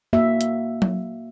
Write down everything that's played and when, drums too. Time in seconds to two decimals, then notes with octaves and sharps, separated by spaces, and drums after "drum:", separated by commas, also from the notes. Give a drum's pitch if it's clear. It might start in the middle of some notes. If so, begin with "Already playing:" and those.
0.13 A#3 F#4 E5
0.41 drum: hi-hat
0.82 drum: tom F#3